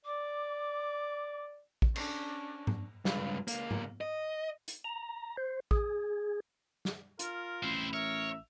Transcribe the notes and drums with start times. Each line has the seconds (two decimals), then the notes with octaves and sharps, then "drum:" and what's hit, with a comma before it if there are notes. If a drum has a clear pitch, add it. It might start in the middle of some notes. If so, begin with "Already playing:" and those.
0.05 D5 D6
1.82 drum: kick
1.96 C#4 D4, drum: cymbal
2.67 drum: tom G#2
3.05 C#2 G2, drum: snare
3.48 C#2 A#3, drum: hi-hat
3.71 drum: tom G#2
4.01 D#5
4.68 drum: hi-hat
4.84 A#5
5.37 C5
5.71 G#4, drum: kick
6.85 drum: snare
7.19 F4 A#4, drum: hi-hat
7.63 A1 C4 E4 C6
7.93 A#4 C#5 E5